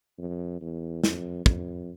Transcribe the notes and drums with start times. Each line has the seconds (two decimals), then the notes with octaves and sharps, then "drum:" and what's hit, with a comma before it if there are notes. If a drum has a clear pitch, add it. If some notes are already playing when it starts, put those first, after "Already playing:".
0.18 F2
0.61 E2
1.04 F2, drum: snare
1.46 F2, drum: kick